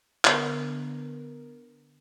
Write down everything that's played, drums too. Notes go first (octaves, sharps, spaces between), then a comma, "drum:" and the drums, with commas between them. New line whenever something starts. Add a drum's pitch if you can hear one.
D3 B3 A#4, drum: clap